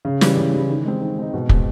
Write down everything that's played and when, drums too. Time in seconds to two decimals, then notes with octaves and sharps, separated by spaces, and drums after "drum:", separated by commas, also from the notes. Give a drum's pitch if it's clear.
0.05 C#3
0.21 E3 G3, drum: snare
0.37 C#3
0.53 E3 G3
0.69 D#3
0.85 G#3 C4 D#4
1.01 D#3
1.18 G#3 C4 D#4
1.34 B2
1.49 G#3 C4, drum: kick